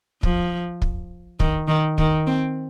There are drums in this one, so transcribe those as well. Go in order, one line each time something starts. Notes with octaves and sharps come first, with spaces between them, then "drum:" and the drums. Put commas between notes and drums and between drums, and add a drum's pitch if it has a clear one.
F3, drum: kick
drum: kick
D#3, drum: kick
D#3
D#3, drum: kick
C4